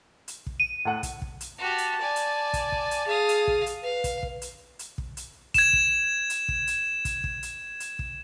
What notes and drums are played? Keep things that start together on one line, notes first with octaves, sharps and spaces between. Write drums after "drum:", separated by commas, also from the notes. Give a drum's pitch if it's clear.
drum: hi-hat
drum: kick
D#7
A2 A4 F#5
drum: kick, hi-hat
drum: kick
drum: hi-hat
F#4 G4 A5
drum: hi-hat
D5 G#5
drum: hi-hat
drum: kick, hi-hat
drum: kick
drum: hi-hat
G#4 F5 D#6
drum: hi-hat
drum: kick
drum: hi-hat
B4 F5
drum: kick, hi-hat
drum: kick
drum: hi-hat
drum: hi-hat
drum: kick
drum: hi-hat
G#6 E7, drum: kick, hi-hat
drum: kick
drum: hi-hat
drum: kick
drum: hi-hat
drum: kick, hi-hat
drum: kick
drum: hi-hat
drum: hi-hat
drum: kick